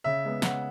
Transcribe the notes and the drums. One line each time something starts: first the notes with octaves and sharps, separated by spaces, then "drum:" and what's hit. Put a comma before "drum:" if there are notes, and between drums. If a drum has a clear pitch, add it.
C#3 E5
G#3 B3
C#3 F#5, drum: snare